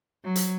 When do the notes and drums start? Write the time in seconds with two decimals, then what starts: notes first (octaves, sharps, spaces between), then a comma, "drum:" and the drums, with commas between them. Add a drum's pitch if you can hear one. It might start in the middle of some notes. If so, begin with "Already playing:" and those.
0.22 F#3
0.36 drum: hi-hat